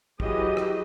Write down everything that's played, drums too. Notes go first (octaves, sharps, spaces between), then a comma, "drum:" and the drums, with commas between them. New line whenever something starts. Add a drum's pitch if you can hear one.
E3 F#3 G4 G#4 D#5, drum: kick
drum: rim click